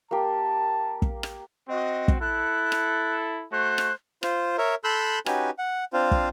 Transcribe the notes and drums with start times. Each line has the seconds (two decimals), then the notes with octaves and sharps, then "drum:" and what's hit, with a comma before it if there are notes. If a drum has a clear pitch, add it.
0.11 A#3 G4 A5
1.02 drum: kick
1.23 drum: rim click
1.69 C4 F#4 D#5
2.08 drum: kick
2.21 E4 A4 F#6
2.72 drum: rim click
3.52 A3 F#4 C5 F#6
3.78 drum: rim click
4.23 F4 C5, drum: rim click
4.58 A#4 C#5 E5
4.84 A4 B5 C6 E6 F#6 G6
5.26 C#4 D#4 F#4 G4 B4 G#5, drum: rim click
5.58 F#5
5.93 C4 D4 F4 C5 F5
6.11 drum: kick